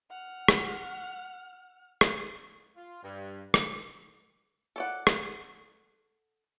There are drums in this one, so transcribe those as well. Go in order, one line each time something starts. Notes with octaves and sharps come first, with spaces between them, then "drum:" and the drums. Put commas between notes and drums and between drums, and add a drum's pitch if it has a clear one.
F#5 F6
drum: rim click
drum: rim click
F4
G2
drum: rim click
A4 D5 F#5
drum: rim click